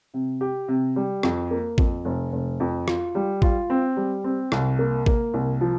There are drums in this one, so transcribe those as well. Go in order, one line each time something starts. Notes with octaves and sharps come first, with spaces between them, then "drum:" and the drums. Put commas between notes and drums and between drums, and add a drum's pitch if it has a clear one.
C3
G4
C3
G3
F2, drum: rim click
A#3
F2, drum: kick
F1
F1
F2
F4, drum: rim click
G3
F4, drum: kick
C4
G3
C4
C2, drum: rim click
A#3
A#3, drum: kick
C2
F3